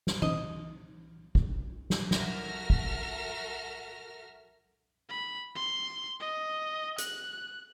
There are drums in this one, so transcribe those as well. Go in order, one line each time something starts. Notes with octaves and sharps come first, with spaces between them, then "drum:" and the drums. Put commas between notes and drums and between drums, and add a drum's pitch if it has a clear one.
drum: snare
D#5, drum: tom E3
drum: kick
drum: snare
F#4 A4 A#4 E5 F6 A#6, drum: snare
drum: kick
B5
C6
D#5
F#6, drum: hi-hat